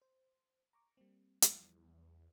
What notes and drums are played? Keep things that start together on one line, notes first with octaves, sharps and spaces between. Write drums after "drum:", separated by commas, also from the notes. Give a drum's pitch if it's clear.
C5
A#5 C#6 D6
G3 A#3 C4
E2 F3 G3 E4, drum: hi-hat